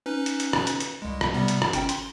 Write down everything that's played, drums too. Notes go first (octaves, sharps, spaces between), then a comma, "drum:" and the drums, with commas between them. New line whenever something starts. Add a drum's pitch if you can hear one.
C#4 D#4 B4
drum: hi-hat
drum: hi-hat
drum: rim click
drum: hi-hat
drum: hi-hat
C2 G#3
drum: rim click
C3 G3 B3
drum: hi-hat
drum: rim click
G1 C#4 G5, drum: hi-hat
C6, drum: hi-hat